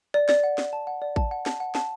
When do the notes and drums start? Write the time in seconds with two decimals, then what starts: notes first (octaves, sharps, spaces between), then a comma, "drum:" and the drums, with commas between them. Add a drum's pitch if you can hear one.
0.14 D5
0.29 D5, drum: snare
0.44 F#5
0.58 D5, drum: snare
0.73 A5
0.87 F#5
1.02 D5
1.16 A5, drum: kick A1
1.31 F#5
1.46 A5, drum: snare
1.60 F#5
1.75 A5, drum: snare